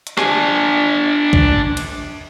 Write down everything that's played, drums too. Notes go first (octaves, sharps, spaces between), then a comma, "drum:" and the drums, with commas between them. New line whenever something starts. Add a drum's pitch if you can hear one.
drum: hi-hat
D4 G#5, drum: rim click
drum: kick
drum: cymbal